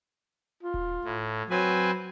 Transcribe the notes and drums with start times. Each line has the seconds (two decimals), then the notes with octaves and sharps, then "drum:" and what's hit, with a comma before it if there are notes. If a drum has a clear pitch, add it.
0.63 F4
0.74 drum: kick D#1
1.05 A2
1.50 F#3 C4 B4 G#5